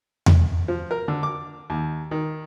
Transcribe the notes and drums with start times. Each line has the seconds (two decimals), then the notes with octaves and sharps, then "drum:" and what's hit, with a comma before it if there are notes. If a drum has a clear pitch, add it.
0.26 drum: tom E2
0.68 F3
0.91 A#4
1.08 D3
1.23 D6
1.70 D#2
2.11 D#3